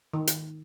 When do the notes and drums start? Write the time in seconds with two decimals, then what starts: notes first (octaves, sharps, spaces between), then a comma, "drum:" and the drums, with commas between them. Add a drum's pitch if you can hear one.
0.13 D#3
0.27 drum: hi-hat